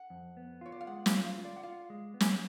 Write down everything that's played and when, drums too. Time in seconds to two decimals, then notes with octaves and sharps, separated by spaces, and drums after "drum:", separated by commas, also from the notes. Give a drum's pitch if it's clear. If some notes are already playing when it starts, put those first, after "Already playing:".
Already playing: F#5
0.10 F2
0.37 B3
0.61 F4 C#5
0.72 D5
0.81 F5
0.87 G#3 F#5
1.06 G#5, drum: snare
1.12 F4
1.26 F5
1.38 F4
1.45 D5
1.56 F#5
1.63 F4 F5
1.90 G#3
2.14 B3
2.20 G#5, drum: snare